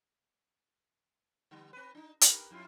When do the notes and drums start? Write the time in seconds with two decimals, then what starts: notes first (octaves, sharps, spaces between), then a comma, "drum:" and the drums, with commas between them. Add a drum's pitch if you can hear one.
1.51 D3 G3 B3
1.73 C4 B4
1.95 D4 D#4
2.21 G4 A#4 B4, drum: hi-hat
2.51 F2 E4 F4